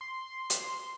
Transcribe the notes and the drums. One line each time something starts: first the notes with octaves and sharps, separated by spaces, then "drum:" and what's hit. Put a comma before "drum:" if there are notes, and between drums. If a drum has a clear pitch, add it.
C6
drum: hi-hat